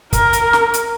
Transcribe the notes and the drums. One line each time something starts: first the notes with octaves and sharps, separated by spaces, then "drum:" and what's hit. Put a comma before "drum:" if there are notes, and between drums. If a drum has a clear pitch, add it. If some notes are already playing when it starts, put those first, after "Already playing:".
A#4, drum: kick, hi-hat
drum: hi-hat
drum: snare
drum: hi-hat